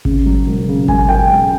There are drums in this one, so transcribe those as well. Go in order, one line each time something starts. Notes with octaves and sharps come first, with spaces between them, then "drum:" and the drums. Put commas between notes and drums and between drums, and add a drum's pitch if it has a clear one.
C#3, drum: kick G#1
F#3
E1
C#3
E1 G#5, drum: kick G#1
E1 G5
E1